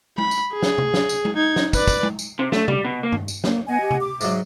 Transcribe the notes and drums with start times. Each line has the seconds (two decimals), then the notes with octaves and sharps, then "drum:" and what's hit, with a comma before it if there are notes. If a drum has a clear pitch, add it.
0.18 B5, drum: tom G#3
0.31 drum: tambourine
0.53 G#4
0.62 drum: snare
0.78 drum: tom C3
0.94 drum: snare
1.09 drum: tambourine
1.25 drum: tom G#3
1.36 D#4 G#6
1.56 drum: snare
1.73 B4 D5, drum: kick, tambourine
1.87 drum: kick, tambourine
2.03 drum: tom G#3
2.19 drum: tambourine
2.39 C3
2.52 A3, drum: snare
2.68 G3, drum: tom C3
2.84 B2
3.03 A#3
3.12 drum: tom G2
3.28 drum: tambourine
3.44 A#3, drum: snare
3.68 B3 D#5 F#5 G#5
3.81 G4
3.91 drum: tom C3
4.00 D6
4.21 G#2 F#3 E5, drum: tambourine